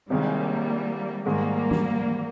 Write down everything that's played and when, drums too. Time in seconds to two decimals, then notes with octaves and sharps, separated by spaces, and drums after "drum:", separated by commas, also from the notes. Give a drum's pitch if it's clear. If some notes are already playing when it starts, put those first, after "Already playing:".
0.10 C3 D#3 G3 G#3 A#3, drum: cymbal
1.25 G#2 D#3 G3 G#3 A#3
1.71 drum: tom